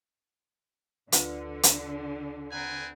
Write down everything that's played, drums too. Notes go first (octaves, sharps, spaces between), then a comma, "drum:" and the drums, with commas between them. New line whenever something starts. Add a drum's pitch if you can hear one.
D2 D3 F4 B4, drum: hi-hat
drum: hi-hat
C4 B4 F#5 G#5 A#5